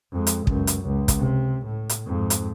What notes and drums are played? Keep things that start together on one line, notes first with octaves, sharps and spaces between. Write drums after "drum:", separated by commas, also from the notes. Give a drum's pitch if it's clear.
F2 G#3
drum: hi-hat
C#2 F#2, drum: kick
drum: hi-hat
C#2
drum: kick, hi-hat
C3
A2
drum: hi-hat
F2 G#2
drum: hi-hat